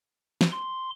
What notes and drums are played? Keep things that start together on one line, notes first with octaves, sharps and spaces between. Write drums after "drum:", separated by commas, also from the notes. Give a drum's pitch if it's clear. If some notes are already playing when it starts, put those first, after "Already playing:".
drum: snare
C6